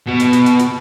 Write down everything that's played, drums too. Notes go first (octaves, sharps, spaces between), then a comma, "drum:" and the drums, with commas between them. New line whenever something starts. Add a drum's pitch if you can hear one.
B2
drum: hi-hat
drum: hi-hat
drum: hi-hat
drum: hi-hat